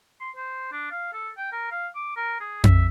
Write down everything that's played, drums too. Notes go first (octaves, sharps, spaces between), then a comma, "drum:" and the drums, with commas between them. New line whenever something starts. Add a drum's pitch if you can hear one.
C6
C5
D4
F5
A4
G5
A#4
F5
D6
A#4
G#4
E5, drum: tom F2